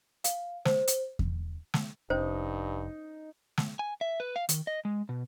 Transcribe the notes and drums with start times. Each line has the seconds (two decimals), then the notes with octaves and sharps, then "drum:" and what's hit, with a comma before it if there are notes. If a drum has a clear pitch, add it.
0.24 F5, drum: hi-hat
0.65 C5, drum: snare
0.87 drum: hi-hat
1.19 drum: kick E2
1.74 drum: snare
2.10 F1 G2 C#4 D#4 C5
3.57 drum: snare
3.79 G#5
4.01 E5
4.20 B4
4.36 F5
4.49 D#3, drum: hi-hat
4.67 D#5
4.85 G#3
5.09 B2